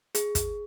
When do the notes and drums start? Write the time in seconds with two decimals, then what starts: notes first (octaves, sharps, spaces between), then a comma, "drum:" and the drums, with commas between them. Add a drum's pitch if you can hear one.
0.15 G#4, drum: hi-hat
0.35 drum: kick, hi-hat